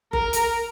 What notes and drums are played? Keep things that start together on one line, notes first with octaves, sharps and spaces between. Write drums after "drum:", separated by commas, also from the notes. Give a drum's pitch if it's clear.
A#4, drum: kick F#1
drum: hi-hat